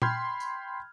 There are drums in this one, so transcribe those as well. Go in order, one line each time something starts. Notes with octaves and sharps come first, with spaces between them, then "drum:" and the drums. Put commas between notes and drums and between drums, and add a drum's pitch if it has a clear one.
G5 B5 C6 F6 G6 G#6, drum: tom A#2
drum: tambourine